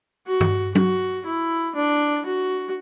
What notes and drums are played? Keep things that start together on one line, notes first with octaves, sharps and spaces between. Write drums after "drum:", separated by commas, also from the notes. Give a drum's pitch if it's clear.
F#4
drum: tom G2
F#4, drum: tom F#3
E4
D4
F#4